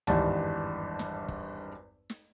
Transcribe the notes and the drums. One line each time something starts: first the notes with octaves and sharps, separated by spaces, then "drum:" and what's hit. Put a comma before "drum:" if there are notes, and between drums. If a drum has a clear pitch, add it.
G#1 E2 G2 G3 A5, drum: tom C#2
drum: snare
drum: kick
drum: snare